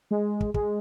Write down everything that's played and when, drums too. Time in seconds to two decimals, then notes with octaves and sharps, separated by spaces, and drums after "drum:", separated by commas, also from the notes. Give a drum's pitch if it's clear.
0.11 G#3
0.40 drum: kick
0.54 G#3, drum: kick